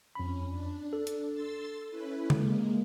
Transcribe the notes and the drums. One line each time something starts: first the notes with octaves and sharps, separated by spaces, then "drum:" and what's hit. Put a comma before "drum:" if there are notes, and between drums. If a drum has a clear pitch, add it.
F2 C#4 B5
D4
A4
drum: hi-hat
C6 E6 A6
C#4 E4 B4
G#3 A#3, drum: tom C#3